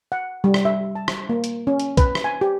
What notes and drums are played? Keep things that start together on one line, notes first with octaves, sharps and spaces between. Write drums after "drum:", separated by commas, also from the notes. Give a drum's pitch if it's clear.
F#5
G3
drum: rim click
E5
A5
drum: rim click
A#3
drum: hi-hat
C#4
drum: hi-hat
B4, drum: kick B1, hi-hat
drum: rim click
G#5
G4